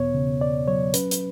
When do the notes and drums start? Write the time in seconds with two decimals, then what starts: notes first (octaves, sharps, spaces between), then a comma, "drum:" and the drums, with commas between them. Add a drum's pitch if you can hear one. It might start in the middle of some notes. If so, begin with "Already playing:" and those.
Already playing: E2 B2 B3 C#5
0.14 C#3
0.41 E2 D5
0.68 F#3 C#5
0.94 C#4 B4, drum: hi-hat
1.11 drum: hi-hat